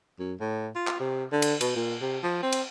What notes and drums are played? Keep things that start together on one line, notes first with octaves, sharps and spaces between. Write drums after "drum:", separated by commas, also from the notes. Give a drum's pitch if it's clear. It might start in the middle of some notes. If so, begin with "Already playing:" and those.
F#2
A2
F4
drum: clap
C3
D3
drum: cymbal
B2, drum: cymbal
A#2
C3
F3
C4
drum: cymbal